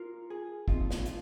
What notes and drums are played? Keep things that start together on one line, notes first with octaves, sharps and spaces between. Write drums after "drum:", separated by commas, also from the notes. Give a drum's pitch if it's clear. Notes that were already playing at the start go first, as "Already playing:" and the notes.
Already playing: F4 A#4
G#4
A#2 F3 C4 D#4 F4, drum: kick
drum: snare
F4, drum: hi-hat